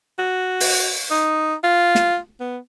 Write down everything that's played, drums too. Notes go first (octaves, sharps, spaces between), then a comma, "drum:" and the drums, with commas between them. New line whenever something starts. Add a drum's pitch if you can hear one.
F#4
drum: open hi-hat
D#4
F4
drum: snare
B3